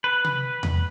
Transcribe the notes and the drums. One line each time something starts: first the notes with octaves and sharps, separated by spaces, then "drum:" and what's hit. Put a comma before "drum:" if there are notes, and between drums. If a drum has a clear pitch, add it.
B4
drum: tom C3
drum: tom E2